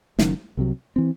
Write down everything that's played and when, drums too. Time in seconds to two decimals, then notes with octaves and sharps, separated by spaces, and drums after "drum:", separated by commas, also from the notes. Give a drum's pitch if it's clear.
0.19 F#1 F#2 D#3, drum: snare
0.57 C2 C3 F#3
0.96 E3 C4